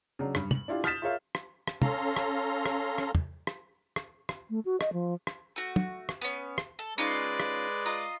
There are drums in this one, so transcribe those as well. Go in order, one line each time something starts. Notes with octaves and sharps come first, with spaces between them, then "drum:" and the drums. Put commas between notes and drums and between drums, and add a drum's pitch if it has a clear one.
C#3 F#3 D4
G2, drum: rim click
F#7, drum: tom
D4 E4 F4 G4
D#6 F6 G6 A6 B6 E7, drum: rim click
F4 G#4 A#4 C#5 E5 F5
drum: rim click
drum: rim click
C#4 A4 F5 A#5 C6, drum: tom
drum: rim click
drum: rim click
drum: rim click
drum: tom
drum: rim click
drum: rim click
drum: rim click
A3
F#4
D#5, drum: rim click
F3
drum: rim click
A3 F#4
drum: tom
drum: rim click
B3 C#4
drum: rim click
A4
G#3 C#4 D#4 F4 B4 D5
drum: rim click
F4 D#5 A#5